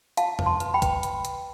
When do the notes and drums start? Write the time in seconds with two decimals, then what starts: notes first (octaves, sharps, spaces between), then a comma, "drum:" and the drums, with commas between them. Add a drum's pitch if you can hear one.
0.17 F4 F5 A5, drum: hi-hat
0.39 B4, drum: tom E2
0.46 A5 C6
0.60 B4, drum: hi-hat
0.74 G5 B5
0.82 B4, drum: kick, hi-hat
1.03 drum: hi-hat
1.25 drum: hi-hat